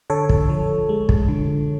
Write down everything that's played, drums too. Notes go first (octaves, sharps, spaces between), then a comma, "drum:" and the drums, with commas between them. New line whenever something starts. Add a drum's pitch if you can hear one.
D3 A4 C#5
drum: kick
F3
G#3
drum: kick
D3